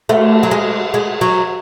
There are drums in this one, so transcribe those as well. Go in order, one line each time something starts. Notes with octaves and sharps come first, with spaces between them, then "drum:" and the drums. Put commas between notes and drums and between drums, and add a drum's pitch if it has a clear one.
A3, drum: cymbal
F#3
G#3
G#3
F#3